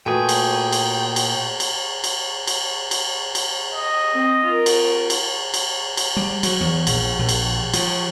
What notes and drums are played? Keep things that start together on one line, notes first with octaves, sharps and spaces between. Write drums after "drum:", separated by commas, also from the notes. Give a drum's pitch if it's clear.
A#2 A3 F#4 G#4 B4 G5
drum: cymbal
drum: cymbal
drum: cymbal
drum: cymbal
drum: cymbal
drum: cymbal
drum: cymbal
drum: cymbal
D#5
C4
F4 A#4
drum: cymbal
drum: cymbal
drum: cymbal
drum: cymbal
G3
F#3, drum: cymbal
E2
A#1, drum: cymbal
A#1
drum: cymbal
F3, drum: cymbal